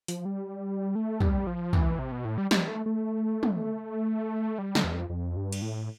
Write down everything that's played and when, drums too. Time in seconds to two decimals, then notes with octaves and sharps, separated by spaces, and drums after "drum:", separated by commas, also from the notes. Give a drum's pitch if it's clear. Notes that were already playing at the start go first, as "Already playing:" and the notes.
0.08 F3, drum: hi-hat
0.25 G3
0.95 A3
1.20 G3, drum: tom
1.47 F3
1.73 E3, drum: tom
1.99 C3
2.12 B2
2.25 A2
2.38 G3
2.51 G3, drum: snare
2.68 A3
2.86 A3
3.43 drum: tom
3.54 A3
4.58 G3
4.75 D3, drum: snare
4.84 E2
4.93 F2
5.10 F2
5.37 G2
5.53 drum: cymbal
5.62 A2